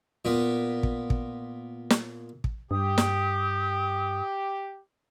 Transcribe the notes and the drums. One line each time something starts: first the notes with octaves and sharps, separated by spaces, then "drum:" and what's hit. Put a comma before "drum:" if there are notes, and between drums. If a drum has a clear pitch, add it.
A#2 B3
drum: kick
drum: kick
drum: snare
drum: kick
G2 G4 D#6
drum: snare